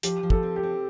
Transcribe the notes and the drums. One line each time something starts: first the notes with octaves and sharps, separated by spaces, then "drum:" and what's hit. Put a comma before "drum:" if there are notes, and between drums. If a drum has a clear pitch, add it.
F3 G4, drum: hi-hat
F3
A4, drum: kick
C4
G4
C4